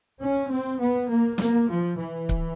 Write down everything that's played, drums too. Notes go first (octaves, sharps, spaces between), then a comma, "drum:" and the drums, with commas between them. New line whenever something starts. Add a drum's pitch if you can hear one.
C#4
C4
B3
A#3
A#3, drum: snare
F3
E3
drum: kick C#1